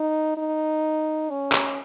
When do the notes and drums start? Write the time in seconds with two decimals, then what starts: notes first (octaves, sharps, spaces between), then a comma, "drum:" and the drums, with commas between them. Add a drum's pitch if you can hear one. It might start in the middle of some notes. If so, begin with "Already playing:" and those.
Already playing: D#4
0.37 D#4
1.30 C#4
1.52 drum: clap